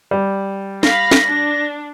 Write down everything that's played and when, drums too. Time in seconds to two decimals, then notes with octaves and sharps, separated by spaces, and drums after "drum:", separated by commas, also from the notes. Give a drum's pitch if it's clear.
0.11 G3
0.83 F5 B5 A#6, drum: snare
1.11 drum: snare
1.25 D4